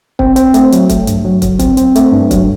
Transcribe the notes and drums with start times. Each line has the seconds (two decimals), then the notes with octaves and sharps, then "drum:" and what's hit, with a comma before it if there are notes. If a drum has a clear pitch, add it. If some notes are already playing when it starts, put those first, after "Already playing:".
0.19 C4, drum: kick
0.36 C4, drum: hi-hat
0.54 A3, drum: hi-hat
0.72 F#3, drum: hi-hat
0.89 A3, drum: kick, hi-hat
1.07 G2, drum: hi-hat
1.25 F#3
1.42 F#3, drum: kick, hi-hat
1.59 C4, drum: kick, hi-hat
1.77 C4, drum: hi-hat
1.96 A3, drum: hi-hat
2.13 G2
2.31 F#3, drum: kick, hi-hat